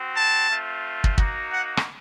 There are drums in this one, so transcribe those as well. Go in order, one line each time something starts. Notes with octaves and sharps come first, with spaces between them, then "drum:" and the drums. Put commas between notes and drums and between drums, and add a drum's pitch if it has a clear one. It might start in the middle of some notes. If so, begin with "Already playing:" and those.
Already playing: C4 F#4
A5
A3 C4 F4
drum: kick
A#3 D#4 F#4, drum: kick
F#5
drum: rim click